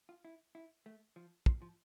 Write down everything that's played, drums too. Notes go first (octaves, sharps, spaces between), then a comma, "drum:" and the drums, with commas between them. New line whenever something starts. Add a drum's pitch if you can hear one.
F4
E4
E4
A3
F3
F3, drum: kick
F3